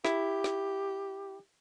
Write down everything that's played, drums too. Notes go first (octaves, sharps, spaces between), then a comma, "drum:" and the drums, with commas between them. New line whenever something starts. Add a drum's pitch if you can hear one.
E4 G4, drum: snare
drum: snare